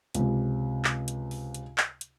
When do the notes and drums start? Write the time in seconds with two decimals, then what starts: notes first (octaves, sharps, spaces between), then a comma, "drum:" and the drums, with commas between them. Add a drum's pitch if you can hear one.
0.15 C#2 C3, drum: hi-hat
0.84 drum: clap
1.08 drum: hi-hat
1.31 drum: open hi-hat
1.54 drum: hi-hat
1.78 drum: clap
2.01 drum: hi-hat